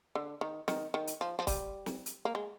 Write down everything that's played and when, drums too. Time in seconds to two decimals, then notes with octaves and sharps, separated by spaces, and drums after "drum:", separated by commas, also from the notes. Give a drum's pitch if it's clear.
0.15 D3
0.41 D#3
0.68 D#3, drum: snare
0.94 D#3
1.07 drum: hi-hat
1.21 F3
1.39 F3
1.47 G3, drum: kick, open hi-hat
1.86 drum: snare
2.06 drum: hi-hat
2.25 A#3
2.35 G#3